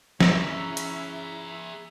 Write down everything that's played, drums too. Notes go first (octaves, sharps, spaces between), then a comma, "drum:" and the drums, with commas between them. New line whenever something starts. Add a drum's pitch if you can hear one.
C#4 E4 G#4 E5 A#5 E6 B6, drum: snare
drum: hi-hat